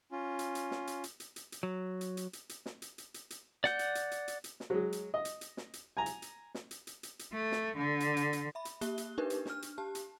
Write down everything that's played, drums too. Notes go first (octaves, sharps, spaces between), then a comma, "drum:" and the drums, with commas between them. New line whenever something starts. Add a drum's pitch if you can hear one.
C#4 F4
drum: hi-hat
drum: hi-hat
drum: snare
drum: hi-hat
drum: hi-hat
drum: hi-hat
drum: hi-hat
drum: hi-hat
F#3
drum: hi-hat
drum: hi-hat
drum: hi-hat
drum: hi-hat
drum: snare
drum: hi-hat
drum: hi-hat
drum: hi-hat
drum: hi-hat
D5 F#5 G6, drum: snare
drum: hi-hat
drum: hi-hat
drum: hi-hat
drum: hi-hat
drum: hi-hat
drum: snare
F#3 G#3
drum: hi-hat
D#5
drum: hi-hat
drum: hi-hat
drum: snare
drum: hi-hat
G#5 A#5
drum: hi-hat
drum: hi-hat
drum: snare
drum: hi-hat
drum: hi-hat
drum: hi-hat
drum: hi-hat
A3
drum: snare
D3
drum: hi-hat
drum: hi-hat
drum: hi-hat
E5 B5
drum: hi-hat
A#3 G4 E5 F#6 G7, drum: hi-hat
drum: hi-hat
D4 D#4 G4 A#4 B4
drum: hi-hat
D4 F6, drum: snare
drum: hi-hat
G4 A5
drum: hi-hat